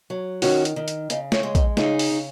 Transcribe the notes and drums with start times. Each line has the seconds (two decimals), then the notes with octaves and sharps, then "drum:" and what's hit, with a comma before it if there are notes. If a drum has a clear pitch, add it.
0.10 F#3
0.42 D#3 C#4 F#4, drum: open hi-hat
0.65 drum: hi-hat
0.76 D#3
0.88 drum: hi-hat
1.10 C#3 D#4, drum: hi-hat
1.32 C#4, drum: snare
1.43 G#3
1.55 D#4, drum: kick, hi-hat
1.77 C#3 D#4 G#4, drum: snare
1.99 drum: open hi-hat
2.11 C#3